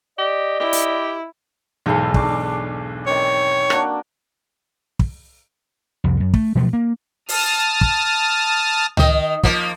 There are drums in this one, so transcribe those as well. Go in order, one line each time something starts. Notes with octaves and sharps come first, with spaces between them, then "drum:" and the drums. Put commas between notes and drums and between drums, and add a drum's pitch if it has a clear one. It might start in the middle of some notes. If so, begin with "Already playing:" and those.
G4 D5 D#5
E4 G4
drum: hi-hat
B1 E2 G#2 A4 F5
D4 C#6 D6, drum: kick
D#3 C4 C#5
A#3 D4 F#4, drum: rim click
drum: kick
C2 F2
F#2
A3, drum: kick
B2 F3 F#3 A3
A#3
A5 D#6 F6, drum: open hi-hat
drum: kick
D#3 D#5, drum: tom C#2
F3 A#3, drum: kick